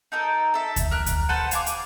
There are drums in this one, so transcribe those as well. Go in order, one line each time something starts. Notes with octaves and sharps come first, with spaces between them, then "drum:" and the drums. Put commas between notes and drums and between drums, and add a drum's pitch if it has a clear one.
D#4 A4 A#4
A4 E5
drum: kick D2, hi-hat
A#4 F#6
drum: kick D2, hi-hat
A4 B4 C5 F#5
F5 G#5 D6, drum: hi-hat
drum: hi-hat